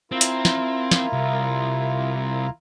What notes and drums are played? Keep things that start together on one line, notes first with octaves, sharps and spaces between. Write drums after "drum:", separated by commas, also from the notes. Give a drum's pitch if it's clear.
C4 E4 F4 A#4
drum: hi-hat
drum: snare
drum: snare
C2